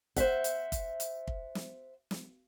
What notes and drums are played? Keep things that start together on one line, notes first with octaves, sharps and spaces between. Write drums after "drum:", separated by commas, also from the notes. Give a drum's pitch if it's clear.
C5 D#5 E5 F#5, drum: kick, hi-hat
drum: hi-hat
drum: kick, hi-hat
drum: hi-hat
drum: kick
drum: snare
drum: snare